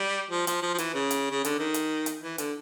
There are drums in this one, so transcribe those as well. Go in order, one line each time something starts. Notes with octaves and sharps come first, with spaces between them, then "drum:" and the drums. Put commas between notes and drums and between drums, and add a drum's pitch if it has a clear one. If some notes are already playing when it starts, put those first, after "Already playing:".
Already playing: G3
F3
F3, drum: hi-hat
F3
F3
E3, drum: hi-hat
C#3
drum: hi-hat
C#3
D3, drum: hi-hat
D#3
drum: hi-hat
drum: hi-hat
E3
D3, drum: hi-hat